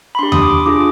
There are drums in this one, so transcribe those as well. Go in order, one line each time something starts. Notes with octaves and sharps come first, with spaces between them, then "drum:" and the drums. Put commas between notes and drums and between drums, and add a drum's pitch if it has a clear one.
B5
D4 G4 C6
D#6, drum: tom D#2
D6
D#6
D4 F4 G#4 D6